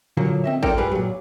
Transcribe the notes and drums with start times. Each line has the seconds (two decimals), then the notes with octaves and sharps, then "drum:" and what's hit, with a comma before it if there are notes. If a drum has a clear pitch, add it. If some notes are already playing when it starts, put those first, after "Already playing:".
0.17 A#2 D3 F3 F#3 A#3
0.44 C4 D#5 E5
0.63 F4 A4 A#4 D5 G5, drum: kick A1
0.77 G2 G3 G#4 B4
0.92 A#2 F#3